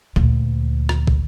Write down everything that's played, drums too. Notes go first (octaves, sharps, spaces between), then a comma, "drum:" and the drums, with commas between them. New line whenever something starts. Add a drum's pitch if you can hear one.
D2 A#2, drum: kick
drum: rim click
drum: kick